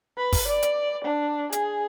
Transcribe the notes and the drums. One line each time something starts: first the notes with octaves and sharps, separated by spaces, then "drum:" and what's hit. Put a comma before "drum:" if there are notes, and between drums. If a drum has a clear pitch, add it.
B4
drum: kick, open hi-hat
D5
drum: hi-hat
D4
G#4, drum: hi-hat